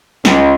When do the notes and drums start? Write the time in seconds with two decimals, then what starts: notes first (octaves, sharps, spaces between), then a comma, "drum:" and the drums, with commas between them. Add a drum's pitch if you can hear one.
0.25 C#2, drum: snare